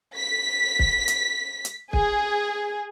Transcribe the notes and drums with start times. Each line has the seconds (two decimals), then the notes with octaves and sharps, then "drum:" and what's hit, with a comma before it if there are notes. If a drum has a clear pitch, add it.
0.16 B6
0.79 drum: kick
1.08 drum: hi-hat
1.65 drum: hi-hat
1.93 G#4, drum: kick